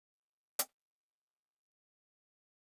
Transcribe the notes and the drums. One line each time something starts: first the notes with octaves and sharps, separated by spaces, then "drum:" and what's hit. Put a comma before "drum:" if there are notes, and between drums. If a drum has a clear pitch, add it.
D4 F4 G#4
drum: hi-hat